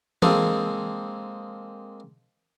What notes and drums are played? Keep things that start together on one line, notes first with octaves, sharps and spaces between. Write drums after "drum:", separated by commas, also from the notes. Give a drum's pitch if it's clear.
G#3 A#3 C4 G#4 A4, drum: tom E3